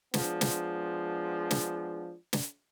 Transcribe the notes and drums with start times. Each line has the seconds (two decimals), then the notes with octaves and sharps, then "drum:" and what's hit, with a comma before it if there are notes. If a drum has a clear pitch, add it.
0.14 F3 G#3 B3 D4, drum: snare
0.41 drum: snare
1.51 drum: snare
2.33 drum: snare